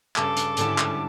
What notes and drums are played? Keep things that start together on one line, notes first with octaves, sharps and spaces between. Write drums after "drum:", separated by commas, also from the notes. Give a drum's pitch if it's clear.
G2 C#3 A4 D6, drum: clap
drum: hi-hat
G#2 D3 G3 C#4 E4 A5, drum: hi-hat
drum: clap